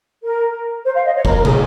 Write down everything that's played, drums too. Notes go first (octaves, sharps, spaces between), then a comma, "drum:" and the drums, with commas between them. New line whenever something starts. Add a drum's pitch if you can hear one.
A#4
C5
F5
D#5
C#5
A#4, drum: kick
A#4
G#4, drum: tom